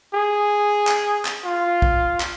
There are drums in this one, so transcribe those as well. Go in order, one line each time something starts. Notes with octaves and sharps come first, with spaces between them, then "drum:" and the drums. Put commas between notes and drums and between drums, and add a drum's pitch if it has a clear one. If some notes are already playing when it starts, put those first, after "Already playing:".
G#4
drum: clap
drum: clap
F4
drum: kick
drum: clap